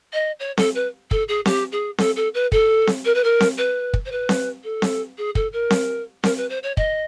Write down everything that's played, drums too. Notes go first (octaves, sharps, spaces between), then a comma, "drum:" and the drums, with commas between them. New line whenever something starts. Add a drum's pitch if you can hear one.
D#5
C#5
A4, drum: snare C4
B4
A4, drum: kick
G#4
G4, drum: snare C4
G#4
A4, drum: snare C4
A4
B4
A4, drum: kick
drum: snare C4
A#4
B4
A#4
drum: snare C4
B4
drum: kick
C5
B4
drum: snare C4
A4
drum: snare C4
G#4
A4, drum: kick
A#4
drum: snare C4
A#4, drum: snare C4
B4
C5
C#5
D#5, drum: kick